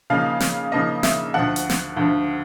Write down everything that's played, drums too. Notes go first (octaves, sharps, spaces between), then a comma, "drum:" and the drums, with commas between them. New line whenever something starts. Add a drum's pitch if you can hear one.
C#3 F3 A#3 D#4 F5
drum: snare
C#3 F3 A#3 D#4 D#5
E5, drum: snare
D2 D3 F3 F#5
drum: hi-hat
drum: snare
D2 D3 F3